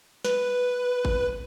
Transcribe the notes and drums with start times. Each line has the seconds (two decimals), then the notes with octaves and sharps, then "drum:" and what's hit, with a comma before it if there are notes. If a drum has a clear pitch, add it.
0.25 B4, drum: snare
1.05 drum: kick G1